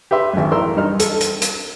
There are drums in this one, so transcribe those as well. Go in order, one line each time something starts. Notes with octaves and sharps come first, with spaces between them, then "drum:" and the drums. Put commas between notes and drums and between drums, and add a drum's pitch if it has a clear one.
G4 B4 E5 C6
G#1 F#2
A1 A#4 C6 E6
G2 G3 D#4 F6
A4, drum: hi-hat
drum: hi-hat
drum: hi-hat